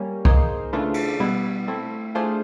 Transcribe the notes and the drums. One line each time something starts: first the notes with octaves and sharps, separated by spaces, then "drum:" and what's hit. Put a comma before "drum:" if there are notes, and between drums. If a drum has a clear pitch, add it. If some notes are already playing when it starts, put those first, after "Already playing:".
Already playing: G3 A#3 C#4
A#3 D#4 G#4 C5, drum: kick C2
C#3 E3 A3 D4 F4
drum: cymbal
B2 G3 B3 E4
A3 C4 E4
A3 D4 F4 G#4 C5